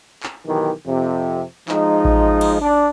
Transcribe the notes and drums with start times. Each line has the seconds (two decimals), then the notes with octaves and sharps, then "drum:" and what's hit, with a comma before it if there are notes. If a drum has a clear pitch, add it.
0.23 drum: clap
0.47 B1 D#3 E3 G4
0.86 F2 C3
1.68 F3 G#3 D#4, drum: clap
2.05 drum: kick A1
2.41 drum: cymbal
2.61 D4